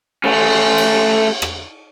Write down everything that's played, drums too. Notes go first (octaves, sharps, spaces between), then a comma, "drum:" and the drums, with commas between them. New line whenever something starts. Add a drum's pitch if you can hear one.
A3 C#4, drum: cymbal
drum: cymbal
drum: rim click